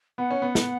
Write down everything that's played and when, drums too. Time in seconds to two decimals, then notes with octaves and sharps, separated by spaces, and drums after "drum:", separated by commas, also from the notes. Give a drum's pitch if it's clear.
0.18 B3 F#5
0.30 C#4
0.42 B3
0.55 drum: snare